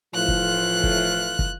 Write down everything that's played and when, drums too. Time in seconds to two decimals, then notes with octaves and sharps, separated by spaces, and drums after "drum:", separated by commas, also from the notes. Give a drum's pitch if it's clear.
0.14 A2 E3 F3 A3 F4 F#6
0.28 drum: kick
0.84 drum: kick
1.39 drum: kick